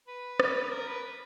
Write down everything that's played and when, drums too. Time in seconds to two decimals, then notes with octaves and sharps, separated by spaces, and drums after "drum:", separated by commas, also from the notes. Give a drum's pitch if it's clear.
0.07 B4
0.40 drum: rim click
0.71 A#4
0.87 B4